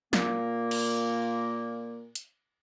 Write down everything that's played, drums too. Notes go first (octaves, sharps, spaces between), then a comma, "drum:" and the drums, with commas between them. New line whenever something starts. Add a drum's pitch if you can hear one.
A#2 A#3, drum: snare
drum: cymbal
drum: hi-hat